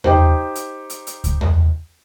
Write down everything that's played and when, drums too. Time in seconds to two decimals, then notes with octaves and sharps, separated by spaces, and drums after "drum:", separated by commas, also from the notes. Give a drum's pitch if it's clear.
0.04 D#4 G4 C5, drum: tom E2
0.55 drum: hi-hat
0.90 drum: hi-hat
1.07 drum: hi-hat
1.24 drum: kick C#2, hi-hat
1.41 drum: tom E2